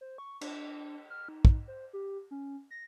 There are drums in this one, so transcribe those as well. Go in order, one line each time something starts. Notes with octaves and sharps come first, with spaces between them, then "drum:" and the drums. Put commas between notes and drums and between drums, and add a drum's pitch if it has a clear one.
C5
C#6
D4, drum: cymbal
F6
D#4
drum: kick
C5
G4
C#4
A#6